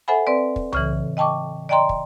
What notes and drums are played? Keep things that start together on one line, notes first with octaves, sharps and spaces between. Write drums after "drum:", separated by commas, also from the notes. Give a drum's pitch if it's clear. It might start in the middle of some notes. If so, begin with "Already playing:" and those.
A4 C5 E5 F#5 G#5 B5
C4 B4 D5
drum: kick
A2 C#3 E3, drum: tom C2
D#5 G5 A5 C#6 D6
D5 D#5 G5 A#5 C6
drum: kick